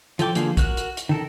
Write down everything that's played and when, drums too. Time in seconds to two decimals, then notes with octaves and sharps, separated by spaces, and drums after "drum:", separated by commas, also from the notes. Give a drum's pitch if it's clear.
0.19 F3 A4 G5 D6, drum: hi-hat
0.35 D3 F3 A#3 G#4, drum: hi-hat
0.57 F#4 A#4 F#6, drum: kick, hi-hat
0.77 drum: hi-hat
0.97 drum: hi-hat
1.09 D#3 A4 A#4